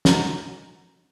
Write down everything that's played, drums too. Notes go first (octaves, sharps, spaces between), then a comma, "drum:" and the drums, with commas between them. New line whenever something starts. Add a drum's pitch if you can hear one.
C#4 D#4 F#4 A#5, drum: snare